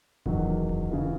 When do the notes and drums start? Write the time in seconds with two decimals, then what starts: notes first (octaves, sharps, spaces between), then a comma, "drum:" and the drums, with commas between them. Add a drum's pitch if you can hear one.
0.26 F#1 E2 D#3 F#3, drum: kick D1
0.69 drum: kick D1
0.91 C#3 E3